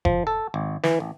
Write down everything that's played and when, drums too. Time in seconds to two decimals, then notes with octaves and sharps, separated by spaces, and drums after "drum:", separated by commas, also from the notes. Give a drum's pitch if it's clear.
0.05 F3, drum: kick F#1
0.27 A4
0.54 G#1
0.84 E3, drum: snare
1.00 A1